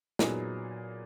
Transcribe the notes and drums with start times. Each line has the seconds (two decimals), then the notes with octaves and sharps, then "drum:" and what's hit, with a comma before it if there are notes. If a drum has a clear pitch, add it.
0.19 A#2 F#3 B3 D#4 G#4, drum: snare